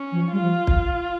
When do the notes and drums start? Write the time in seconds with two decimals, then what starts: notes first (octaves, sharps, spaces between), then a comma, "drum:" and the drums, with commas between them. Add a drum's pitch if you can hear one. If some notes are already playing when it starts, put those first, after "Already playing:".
Already playing: C#4
0.12 F3
0.32 G3 F4
0.42 F3
0.67 drum: kick